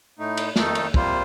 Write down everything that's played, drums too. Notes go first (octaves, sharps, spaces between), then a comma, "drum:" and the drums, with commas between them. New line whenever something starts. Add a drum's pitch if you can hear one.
A2 A3 D#4
drum: cymbal
F2 D#3 A3 D#4 A4, drum: snare
drum: cymbal
C3 G3 A#3 F4 C5, drum: kick